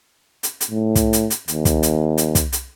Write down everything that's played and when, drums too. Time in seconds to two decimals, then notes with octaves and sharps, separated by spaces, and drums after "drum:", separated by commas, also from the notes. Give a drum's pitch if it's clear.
0.43 drum: hi-hat
0.61 drum: hi-hat
0.71 A2
0.95 drum: kick, hi-hat
1.13 drum: hi-hat
1.30 drum: hi-hat
1.48 D#2, drum: hi-hat
1.65 drum: kick, hi-hat
1.83 drum: hi-hat
2.18 drum: hi-hat
2.35 drum: kick, hi-hat
2.52 drum: hi-hat